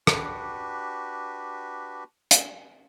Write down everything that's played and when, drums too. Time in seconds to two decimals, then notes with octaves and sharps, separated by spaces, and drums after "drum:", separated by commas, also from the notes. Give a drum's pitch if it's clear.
0.07 D4 F#4 G4 B4, drum: rim click
2.31 drum: hi-hat